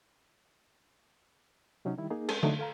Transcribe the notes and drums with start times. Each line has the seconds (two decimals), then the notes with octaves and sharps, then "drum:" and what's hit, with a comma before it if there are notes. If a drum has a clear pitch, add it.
1.85 C3 F#3 C#4 D#4
1.98 D#3 G3 E4
2.11 A#3 D#4 G#4
2.29 G#3 C4 C#4 G#4 A4, drum: cymbal
2.43 F#3 A3 D4 D#4, drum: tom D3
2.59 A4 F5 A#5